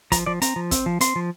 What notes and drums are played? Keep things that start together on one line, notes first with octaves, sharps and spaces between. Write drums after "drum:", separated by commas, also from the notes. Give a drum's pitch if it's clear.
F3 A#5, drum: kick, hi-hat
F3 D5
C4 A#5, drum: hi-hat
F3
C4, drum: kick, hi-hat
F3
C4 C6, drum: hi-hat
F3